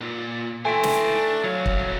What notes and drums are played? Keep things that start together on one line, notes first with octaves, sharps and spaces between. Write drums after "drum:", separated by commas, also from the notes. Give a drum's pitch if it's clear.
A#2
E3 A3 C5 E5 G5 G#5
drum: snare
D4
C2 F#3 C#5 F5
drum: kick